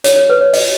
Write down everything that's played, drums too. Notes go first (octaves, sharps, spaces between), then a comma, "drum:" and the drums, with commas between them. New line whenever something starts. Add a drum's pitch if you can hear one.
C#5, drum: hi-hat
C#5
B4
C#5
D#5, drum: open hi-hat